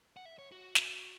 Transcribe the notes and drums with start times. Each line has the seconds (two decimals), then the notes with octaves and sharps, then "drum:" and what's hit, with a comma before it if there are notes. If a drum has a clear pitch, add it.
0.17 F#5
0.25 E5
0.38 C#5
0.52 F#4
0.75 drum: snare